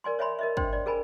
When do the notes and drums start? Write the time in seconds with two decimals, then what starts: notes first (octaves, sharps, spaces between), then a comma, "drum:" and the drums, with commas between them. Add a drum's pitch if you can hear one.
0.04 A#4 D5 G#5 C6
0.19 C#5 E5 G#5 B5 C6
0.39 A#4 D#5 E5
0.57 D4 C5 G5 C6, drum: kick
0.73 D5
0.86 G#4 A#4 G#5 B5